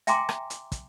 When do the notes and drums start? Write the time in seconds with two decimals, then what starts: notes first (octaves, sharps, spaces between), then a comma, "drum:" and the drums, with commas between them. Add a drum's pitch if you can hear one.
0.07 E5 G5 G#5 A#5 C6 D6, drum: hi-hat
0.29 drum: rim click
0.50 drum: hi-hat
0.72 drum: kick, hi-hat